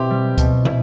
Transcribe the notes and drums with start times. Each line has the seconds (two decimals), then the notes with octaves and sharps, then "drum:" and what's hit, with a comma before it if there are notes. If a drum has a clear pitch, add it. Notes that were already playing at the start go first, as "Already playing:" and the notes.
Already playing: B2 C4 E4 G4
0.10 G3
0.38 B2, drum: kick, hi-hat
0.65 E4, drum: tom